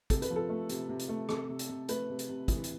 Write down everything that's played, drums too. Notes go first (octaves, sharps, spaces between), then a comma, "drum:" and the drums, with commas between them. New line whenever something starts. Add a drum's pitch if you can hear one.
C3 A4, drum: kick, hi-hat
B4, drum: hi-hat
F3
A4
A3
C3, drum: hi-hat
C3
drum: hi-hat
A3
C3 A4, drum: rim click
C3
drum: hi-hat
C3
A3 B4, drum: hi-hat
C3
drum: hi-hat
C3
E3, drum: kick, hi-hat
drum: hi-hat